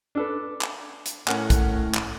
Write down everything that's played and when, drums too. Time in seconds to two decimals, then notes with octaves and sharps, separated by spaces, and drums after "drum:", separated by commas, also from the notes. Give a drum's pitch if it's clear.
0.15 D4 A4 B4
0.61 drum: clap
1.06 drum: hi-hat
1.28 A2 C#4 A#4 F#5, drum: clap
1.50 drum: kick, hi-hat
1.95 drum: clap